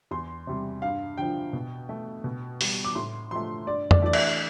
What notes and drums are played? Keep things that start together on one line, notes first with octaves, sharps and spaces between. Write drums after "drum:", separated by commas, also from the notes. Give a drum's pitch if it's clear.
E2 C6
C3 G3
G2 F5
D3 F3 G5
B2
A3
B2
G3, drum: open hi-hat
D6
A2 C6
F3 A3 C6
G2 D5
D5, drum: tom
E3 A3 D5
E5, drum: cymbal